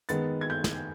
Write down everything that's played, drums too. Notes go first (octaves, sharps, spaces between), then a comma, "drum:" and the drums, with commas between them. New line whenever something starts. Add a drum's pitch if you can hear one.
D#3 G#3 B3 A6, drum: hi-hat
G#6
G6
drum: snare